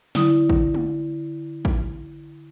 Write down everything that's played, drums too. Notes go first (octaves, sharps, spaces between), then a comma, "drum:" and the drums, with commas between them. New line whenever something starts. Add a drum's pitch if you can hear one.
D3 E4 D#6, drum: snare
drum: kick A1
drum: tom G#3
drum: kick A1